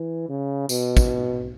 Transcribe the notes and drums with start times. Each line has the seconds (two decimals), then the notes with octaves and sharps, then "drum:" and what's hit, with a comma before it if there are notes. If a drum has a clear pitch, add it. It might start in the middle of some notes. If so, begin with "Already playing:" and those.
Already playing: E3
0.29 C#3
0.69 B2, drum: tambourine
0.97 drum: kick, tambourine